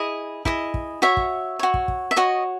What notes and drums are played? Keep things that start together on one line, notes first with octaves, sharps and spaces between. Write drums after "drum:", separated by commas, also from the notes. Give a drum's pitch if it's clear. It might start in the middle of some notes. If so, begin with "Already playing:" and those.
Already playing: E4 G#4 D#5
E4 G#4 D#5, drum: kick
drum: kick
F#4 C#5 E5
drum: kick
F#4 C#5
drum: kick
drum: kick
E5
F#4 C#5 D#5